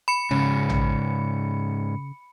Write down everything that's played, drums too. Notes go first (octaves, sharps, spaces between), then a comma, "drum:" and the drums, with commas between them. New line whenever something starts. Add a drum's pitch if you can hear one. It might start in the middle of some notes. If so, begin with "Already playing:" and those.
B5 C#7
G#2 C#3 C#4
drum: tom